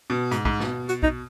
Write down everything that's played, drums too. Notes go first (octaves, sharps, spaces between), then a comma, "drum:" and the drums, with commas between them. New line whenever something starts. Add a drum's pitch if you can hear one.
B2
G#2, drum: hi-hat
G#2, drum: kick
B2, drum: snare
F#4, drum: hi-hat
D#4, drum: kick